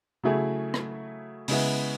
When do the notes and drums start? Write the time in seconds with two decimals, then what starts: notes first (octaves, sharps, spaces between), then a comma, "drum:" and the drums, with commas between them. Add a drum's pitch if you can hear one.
0.23 C#3 F#3 A3 E4 G#4
0.74 drum: rim click
1.48 C#3 G#3 B3 E4, drum: open hi-hat